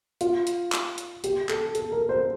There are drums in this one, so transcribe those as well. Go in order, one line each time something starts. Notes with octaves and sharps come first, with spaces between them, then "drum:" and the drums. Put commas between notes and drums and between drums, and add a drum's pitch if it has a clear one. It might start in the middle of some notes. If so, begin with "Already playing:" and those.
F4, drum: hi-hat
drum: hi-hat
drum: clap
drum: hi-hat
G4, drum: hi-hat
A4, drum: clap
A4, drum: hi-hat
A#4
C5